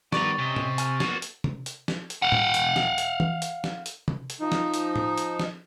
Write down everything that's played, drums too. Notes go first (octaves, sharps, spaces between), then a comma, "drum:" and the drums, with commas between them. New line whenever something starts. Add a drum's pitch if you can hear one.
D#3 G3 B3 D5 A#5 C#6 A6, drum: snare
C3 C#4 D#5
drum: tom
G#5 F6, drum: hi-hat
A#3 B3 F4 F#4 C#5, drum: snare
drum: hi-hat
drum: tom
drum: hi-hat
drum: snare
drum: hi-hat
F5 F#5
drum: tom A2
drum: hi-hat
drum: snare
drum: hi-hat
drum: tom
drum: hi-hat
drum: snare
drum: hi-hat
drum: tom
drum: hi-hat
F3 D#4
drum: snare
drum: hi-hat
drum: tom
drum: hi-hat
drum: snare